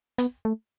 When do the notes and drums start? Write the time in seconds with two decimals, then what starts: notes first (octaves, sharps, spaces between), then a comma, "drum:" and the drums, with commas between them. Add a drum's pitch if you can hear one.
0.18 B3, drum: hi-hat
0.45 A3